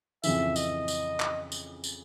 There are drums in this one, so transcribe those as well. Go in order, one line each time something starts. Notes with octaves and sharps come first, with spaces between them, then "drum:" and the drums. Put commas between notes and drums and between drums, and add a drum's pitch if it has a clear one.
F2 C#3 E3 E5, drum: tambourine
D#5, drum: tambourine
drum: tambourine
drum: clap
drum: tambourine
drum: tambourine